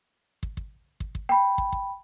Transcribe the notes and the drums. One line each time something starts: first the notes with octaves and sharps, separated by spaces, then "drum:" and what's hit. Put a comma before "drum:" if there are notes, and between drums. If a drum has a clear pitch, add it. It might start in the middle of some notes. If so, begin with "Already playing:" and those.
drum: kick
drum: kick
drum: kick
drum: kick
G5 B5
drum: kick
drum: kick